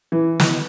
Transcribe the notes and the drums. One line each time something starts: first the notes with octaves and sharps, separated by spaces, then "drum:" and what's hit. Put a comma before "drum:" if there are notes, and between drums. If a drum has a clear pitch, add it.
E3
drum: snare